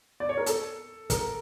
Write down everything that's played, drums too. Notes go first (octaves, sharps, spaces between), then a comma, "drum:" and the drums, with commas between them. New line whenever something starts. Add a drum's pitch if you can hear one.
D5
C#5
A#4
A4, drum: hi-hat
A#4, drum: kick, hi-hat